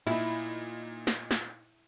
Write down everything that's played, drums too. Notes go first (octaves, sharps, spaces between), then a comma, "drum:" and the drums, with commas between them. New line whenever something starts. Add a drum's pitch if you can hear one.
A#2 D#4 E4, drum: cymbal
drum: snare
drum: snare